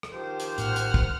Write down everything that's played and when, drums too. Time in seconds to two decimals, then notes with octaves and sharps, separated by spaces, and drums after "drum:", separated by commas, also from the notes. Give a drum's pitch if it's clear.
0.03 drum: rim click
0.13 D#3 F3 G4 C5
0.40 drum: hi-hat
0.58 A#1 A2 B3 F#5 F6, drum: hi-hat
0.76 drum: hi-hat
0.94 drum: kick